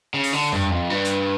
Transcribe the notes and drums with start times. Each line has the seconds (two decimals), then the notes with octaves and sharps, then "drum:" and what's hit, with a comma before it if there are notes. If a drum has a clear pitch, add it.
0.14 C#3
0.23 drum: open hi-hat
0.33 D3
0.52 G2, drum: tom F2
0.71 F2
0.90 G2
1.05 drum: hi-hat